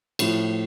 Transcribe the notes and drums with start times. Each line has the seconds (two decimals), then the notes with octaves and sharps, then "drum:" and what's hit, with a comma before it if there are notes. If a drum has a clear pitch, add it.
0.19 A2 F3, drum: cymbal